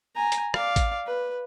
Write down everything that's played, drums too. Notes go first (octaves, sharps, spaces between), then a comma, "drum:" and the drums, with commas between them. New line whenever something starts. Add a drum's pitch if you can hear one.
G#5 A#5
drum: hi-hat
D5 F5, drum: rim click
drum: kick A1, hi-hat
B4